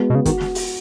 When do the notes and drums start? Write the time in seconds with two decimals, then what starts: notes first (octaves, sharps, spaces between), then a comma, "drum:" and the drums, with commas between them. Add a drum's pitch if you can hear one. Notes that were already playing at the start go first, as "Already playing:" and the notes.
Already playing: G#3 B3 F#4
0.10 B2
0.15 C#3
0.25 D#3 F#4, drum: kick, hi-hat
0.41 drum: snare
0.55 drum: open hi-hat